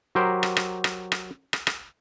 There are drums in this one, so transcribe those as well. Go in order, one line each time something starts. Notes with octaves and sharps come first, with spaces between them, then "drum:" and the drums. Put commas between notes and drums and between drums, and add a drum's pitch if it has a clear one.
F#3 G4 A#4 C5
drum: rim click
drum: rim click
drum: rim click
drum: rim click
drum: rim click
drum: rim click